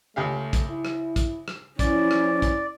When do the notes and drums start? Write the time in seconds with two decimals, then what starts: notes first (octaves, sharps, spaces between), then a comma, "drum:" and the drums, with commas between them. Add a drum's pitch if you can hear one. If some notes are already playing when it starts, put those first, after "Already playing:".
0.16 C#2 A3 G4 F5
0.53 drum: kick, hi-hat
0.69 E4
0.85 drum: rim click
1.16 drum: kick, hi-hat
1.48 drum: rim click
1.79 F3 C#4 E4 D5, drum: kick, hi-hat
2.11 drum: rim click
2.42 drum: kick, hi-hat